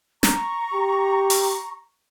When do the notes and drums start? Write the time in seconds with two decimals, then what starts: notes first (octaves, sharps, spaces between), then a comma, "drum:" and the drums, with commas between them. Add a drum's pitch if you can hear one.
0.23 A#5 C#6, drum: snare
0.74 G4
1.30 drum: open hi-hat